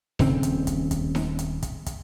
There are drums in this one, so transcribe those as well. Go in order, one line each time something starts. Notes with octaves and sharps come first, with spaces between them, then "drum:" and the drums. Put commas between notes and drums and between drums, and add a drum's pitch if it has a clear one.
D#1 C#3 C4, drum: snare D#4
drum: hi-hat
drum: kick, hi-hat
drum: kick, hi-hat
drum: snare D#4
drum: hi-hat
drum: kick, hi-hat
drum: kick, hi-hat